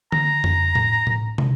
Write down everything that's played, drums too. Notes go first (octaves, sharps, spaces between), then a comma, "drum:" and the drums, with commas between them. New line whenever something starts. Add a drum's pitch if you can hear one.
A#5, drum: tom D3
drum: tom F2
drum: tom A2
drum: tom A2
drum: tom